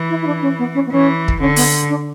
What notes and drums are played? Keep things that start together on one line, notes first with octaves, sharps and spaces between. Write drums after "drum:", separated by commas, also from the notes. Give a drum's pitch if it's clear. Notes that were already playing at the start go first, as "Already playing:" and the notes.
Already playing: E3
E4
E4
D4
C#4
B3
C#4
B3
E3 C#4
drum: kick
D3 C#4
B3, drum: open hi-hat
D4